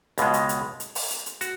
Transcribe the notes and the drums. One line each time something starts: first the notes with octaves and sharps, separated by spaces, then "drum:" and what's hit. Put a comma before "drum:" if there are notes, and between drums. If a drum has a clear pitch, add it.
C#2 B2 G#3, drum: hi-hat
drum: hi-hat
drum: hi-hat
drum: hi-hat
drum: open hi-hat
drum: hi-hat
drum: hi-hat
F#4, drum: hi-hat